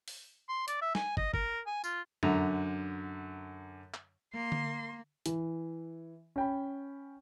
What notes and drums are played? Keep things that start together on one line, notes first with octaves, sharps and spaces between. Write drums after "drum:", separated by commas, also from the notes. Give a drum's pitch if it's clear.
drum: open hi-hat
C6
D5, drum: hi-hat
E5
G#5, drum: snare
D#5, drum: kick
A#4, drum: kick
G#5
F4, drum: tambourine
F#2 D3 A#5, drum: tom F2
drum: clap
A#3 C6
drum: tom D3
E3, drum: hi-hat
C#4 G5 B5